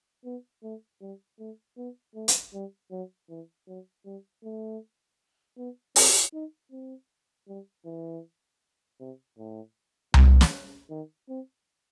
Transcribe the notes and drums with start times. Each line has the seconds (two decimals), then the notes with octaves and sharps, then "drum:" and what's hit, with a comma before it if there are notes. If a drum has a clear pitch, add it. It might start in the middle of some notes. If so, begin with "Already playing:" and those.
0.25 B3
0.63 A3
1.01 G3
1.39 A3
1.77 B3
2.15 A3
2.28 drum: hi-hat
2.53 G3
2.91 F#3
3.30 E3
3.67 F#3
4.05 G3
4.44 A3
5.58 B3
5.96 C4, drum: open hi-hat
6.33 D#4
6.71 C4
7.48 G3
7.85 E3
9.00 C3
9.38 A2
10.14 B2, drum: tom C2
10.41 drum: snare
10.90 D#3
11.28 C4